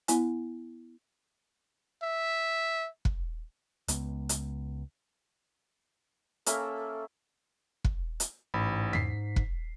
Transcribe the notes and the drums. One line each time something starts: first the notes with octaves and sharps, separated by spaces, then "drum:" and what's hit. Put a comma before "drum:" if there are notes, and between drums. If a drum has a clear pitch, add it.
B3 E4 G#5, drum: hi-hat
E5
drum: kick
C#2 G#3 B3, drum: hi-hat
drum: hi-hat
A#3 C#4 A4 E5, drum: hi-hat
drum: kick
drum: hi-hat
A1 G#2 B5
B6 C7, drum: tom E2
drum: kick